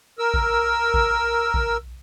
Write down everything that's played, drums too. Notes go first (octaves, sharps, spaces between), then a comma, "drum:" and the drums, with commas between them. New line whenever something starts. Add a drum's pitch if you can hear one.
A#4 E6
drum: kick A1
drum: kick A1
drum: kick A1